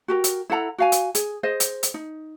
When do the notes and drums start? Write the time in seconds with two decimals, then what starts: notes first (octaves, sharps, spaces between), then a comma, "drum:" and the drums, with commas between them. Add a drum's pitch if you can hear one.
0.08 F#4 G4 A#4
0.24 drum: hi-hat
0.50 E4 A4 F#5 A#5
0.78 F#4 F5 G#5
0.92 drum: hi-hat
1.15 G#4, drum: hi-hat
1.43 G#4 C5 D#5
1.60 drum: hi-hat
1.83 drum: hi-hat
1.94 D#4